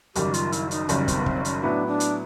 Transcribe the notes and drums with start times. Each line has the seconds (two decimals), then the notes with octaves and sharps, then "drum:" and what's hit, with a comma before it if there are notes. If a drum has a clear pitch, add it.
0.15 F#1 F#2 D#3 G3 G4, drum: hi-hat
0.34 F4, drum: hi-hat
0.52 E4, drum: hi-hat
0.71 D#4, drum: hi-hat
0.89 F#1 F#2 D#3 G3 C#4, drum: hi-hat
1.08 C4, drum: kick, hi-hat
1.20 B3
1.26 C4, drum: kick
1.45 C#4, drum: hi-hat
1.63 A2 F#3 B3 D4 E4
1.88 D4
2.00 drum: hi-hat